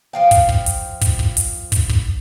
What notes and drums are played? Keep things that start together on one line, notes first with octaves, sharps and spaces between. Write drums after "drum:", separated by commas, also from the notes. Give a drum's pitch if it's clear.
F3 F5 G5
drum: kick, hi-hat
drum: kick
drum: hi-hat
drum: kick, hi-hat
drum: kick
drum: hi-hat
drum: kick, hi-hat
drum: kick